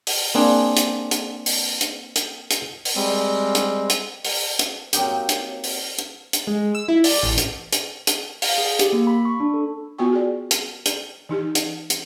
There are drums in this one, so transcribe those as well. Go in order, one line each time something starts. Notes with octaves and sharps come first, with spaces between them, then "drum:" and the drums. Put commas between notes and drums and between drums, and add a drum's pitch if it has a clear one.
drum: open hi-hat
A#3 C4 D4 G#4
drum: hi-hat
drum: hi-hat
drum: open hi-hat
drum: hi-hat
drum: hi-hat
drum: hi-hat
drum: open hi-hat
G3 G#3 C4
drum: hi-hat
drum: hi-hat
drum: open hi-hat
drum: hi-hat
F#3 A#3 C4 D#4 G4, drum: hi-hat
drum: hi-hat
drum: open hi-hat
drum: hi-hat
drum: hi-hat
G#3
E6
E4
D5, drum: open hi-hat
A1
drum: hi-hat
drum: hi-hat
drum: hi-hat
F5, drum: open hi-hat
G#4
G4, drum: hi-hat
A#3
B5
C#6
D4
A4
B3 F4 F#4 G5 C#6
G#4 D5
drum: hi-hat
drum: hi-hat
E3 D#4 G4
drum: hi-hat
drum: hi-hat